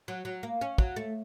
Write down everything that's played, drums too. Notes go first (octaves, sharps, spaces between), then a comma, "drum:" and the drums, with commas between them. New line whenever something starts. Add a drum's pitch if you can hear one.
F#3
F#3
A#3
C#4
F#3, drum: kick
A3